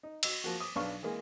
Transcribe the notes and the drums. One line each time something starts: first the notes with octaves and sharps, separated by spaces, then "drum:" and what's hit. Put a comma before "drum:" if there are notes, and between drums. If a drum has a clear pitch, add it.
D#4
F#4 D#5 E6, drum: cymbal
F3 A#3 F#4
D6 D#6
B1 D4 B4 F5 C#6 F6
E3 G#3 A#3